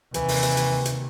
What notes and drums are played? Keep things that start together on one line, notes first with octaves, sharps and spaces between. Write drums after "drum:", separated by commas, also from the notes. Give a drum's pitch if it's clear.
D#2 C3 E3, drum: hi-hat
drum: open hi-hat
drum: hi-hat
drum: hi-hat
drum: hi-hat